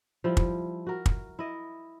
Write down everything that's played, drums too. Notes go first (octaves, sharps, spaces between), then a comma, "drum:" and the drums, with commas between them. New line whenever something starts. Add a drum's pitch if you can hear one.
F3 G3 E4
drum: kick
F#4 A#4
drum: kick
E4 D#5